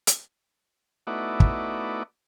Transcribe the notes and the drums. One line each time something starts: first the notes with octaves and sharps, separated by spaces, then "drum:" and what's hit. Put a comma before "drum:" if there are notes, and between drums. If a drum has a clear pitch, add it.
drum: hi-hat
A3 B3 D#4 E4 F#4 D5
drum: kick